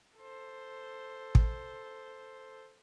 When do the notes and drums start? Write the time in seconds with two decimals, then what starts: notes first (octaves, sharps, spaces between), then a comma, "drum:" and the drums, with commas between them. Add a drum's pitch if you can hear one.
0.18 A4 C5
1.35 drum: kick